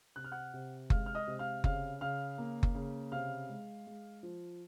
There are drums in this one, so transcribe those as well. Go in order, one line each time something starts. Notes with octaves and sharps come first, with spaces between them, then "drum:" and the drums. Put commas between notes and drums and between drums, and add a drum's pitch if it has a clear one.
C3 F#6
F6
F#5 F#6
C3
G#3 F5 F6, drum: kick F#1
F6
D#5 D#6
C3
F5 F6
C#3 F5 F6, drum: kick F#1
C#3 F5 F6
A#3
drum: kick F#1
C#3
C3 F5 F6
G#3
G#3
F3